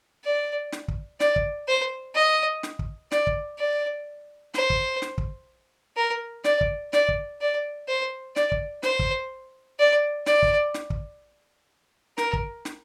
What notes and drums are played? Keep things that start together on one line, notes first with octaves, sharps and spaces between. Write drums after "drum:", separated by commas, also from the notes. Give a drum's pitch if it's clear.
D5
drum: snare
drum: kick
D5, drum: snare
drum: kick
C5
D#5
drum: snare
drum: kick
D5, drum: snare
drum: kick
D5
C5, drum: snare
drum: kick
drum: snare
drum: kick
A#4
D5, drum: snare
drum: kick
D5, drum: snare
drum: kick
D5
C5
D5, drum: snare
drum: kick
C5, drum: snare
drum: kick
D5
D5, drum: snare
drum: kick
drum: snare
drum: kick
A#4, drum: snare
drum: kick
drum: snare